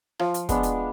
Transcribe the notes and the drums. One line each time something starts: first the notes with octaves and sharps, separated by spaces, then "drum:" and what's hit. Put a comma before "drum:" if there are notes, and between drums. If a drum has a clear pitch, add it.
F3 F5, drum: rim click
drum: hi-hat
G#3 B3 D4, drum: kick, hi-hat
drum: hi-hat